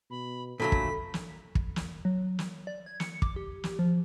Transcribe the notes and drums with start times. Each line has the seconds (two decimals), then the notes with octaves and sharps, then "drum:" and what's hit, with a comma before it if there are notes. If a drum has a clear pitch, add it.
0.11 B2 B5
0.60 A#2 D3 F#3 A3 A4 B5 B6
0.72 drum: kick
1.14 drum: snare
1.55 drum: kick
1.76 drum: snare
2.05 F#3
2.39 drum: snare
2.67 D5
2.86 G#6
3.00 C#7, drum: snare
3.22 D6, drum: kick
3.36 G4
3.64 drum: snare
3.79 F3